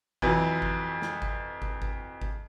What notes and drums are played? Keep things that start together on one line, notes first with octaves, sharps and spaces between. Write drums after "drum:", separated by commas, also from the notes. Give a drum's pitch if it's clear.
F2 E3 F#3, drum: kick
drum: kick
drum: snare
drum: kick
drum: kick
drum: kick
drum: kick